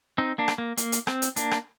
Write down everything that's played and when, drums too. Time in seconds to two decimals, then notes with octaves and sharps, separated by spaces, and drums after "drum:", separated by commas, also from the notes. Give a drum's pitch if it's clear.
0.18 C4 D#4
0.38 A#3 D4
0.48 drum: rim click
0.58 A#3
0.77 A#3, drum: hi-hat
0.92 drum: hi-hat
1.07 C4, drum: rim click
1.22 drum: hi-hat
1.36 A#3 D4, drum: hi-hat
1.51 drum: rim click